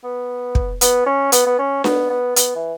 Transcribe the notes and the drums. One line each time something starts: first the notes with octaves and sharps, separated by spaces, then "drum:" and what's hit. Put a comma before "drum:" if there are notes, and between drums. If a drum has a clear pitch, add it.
B3
drum: kick
B3, drum: hi-hat
C#4
B3, drum: hi-hat
B3
C#4
B3, drum: snare D4
B3
B3, drum: hi-hat
E3